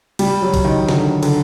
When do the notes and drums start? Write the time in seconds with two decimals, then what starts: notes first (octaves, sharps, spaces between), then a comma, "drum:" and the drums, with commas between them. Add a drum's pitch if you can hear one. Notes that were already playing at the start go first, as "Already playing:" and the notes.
0.19 G3, drum: cymbal
0.42 F#3
0.54 drum: kick A1, cymbal
0.65 D#3
0.88 D3, drum: snare
1.23 D3, drum: cymbal